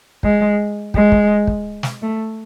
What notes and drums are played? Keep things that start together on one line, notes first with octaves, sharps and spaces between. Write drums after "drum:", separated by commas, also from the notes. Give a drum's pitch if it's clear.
G#3, drum: kick
G#3, drum: kick
drum: kick
drum: kick
drum: snare
A3